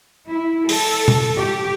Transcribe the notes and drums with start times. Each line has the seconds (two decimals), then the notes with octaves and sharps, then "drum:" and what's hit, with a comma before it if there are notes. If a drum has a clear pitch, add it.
0.29 E4
0.69 A4, drum: open hi-hat
1.08 drum: tom B2
1.36 G4